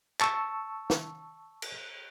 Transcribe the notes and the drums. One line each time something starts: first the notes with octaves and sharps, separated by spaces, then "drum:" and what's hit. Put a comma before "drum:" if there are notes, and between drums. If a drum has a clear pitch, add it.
A5 C#6 E6, drum: clap
drum: snare
drum: cymbal